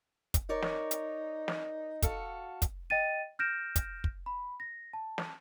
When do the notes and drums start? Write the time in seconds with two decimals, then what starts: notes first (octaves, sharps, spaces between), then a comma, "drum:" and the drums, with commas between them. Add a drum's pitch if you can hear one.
0.34 drum: kick, hi-hat
0.49 D#4 A#4 C#5 D5
0.62 drum: snare
0.91 drum: hi-hat
1.48 drum: snare
2.02 F#4 A4 F5, drum: kick, hi-hat
2.62 drum: kick, hi-hat
2.90 D#5 G5 A6 D#7
3.39 F6 G6 A#6 D7 E7
3.76 drum: kick, hi-hat
4.04 drum: kick
4.26 B5
4.60 A#6
4.93 A5
5.18 drum: snare